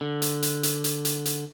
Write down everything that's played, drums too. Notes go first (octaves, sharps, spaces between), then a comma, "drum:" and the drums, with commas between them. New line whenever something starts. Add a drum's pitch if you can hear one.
D3
drum: hi-hat
drum: hi-hat
drum: hi-hat
drum: hi-hat
drum: hi-hat
drum: hi-hat